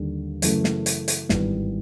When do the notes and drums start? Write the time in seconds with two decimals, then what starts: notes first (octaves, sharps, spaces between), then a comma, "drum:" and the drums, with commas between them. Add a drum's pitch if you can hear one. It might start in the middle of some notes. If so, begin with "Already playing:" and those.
Already playing: D#2 D3 G3
0.42 F#2 C#3 E3 A3, drum: hi-hat
0.64 drum: snare
0.86 drum: hi-hat
1.08 drum: hi-hat
1.29 G#1 G2 E3 G3 B3, drum: snare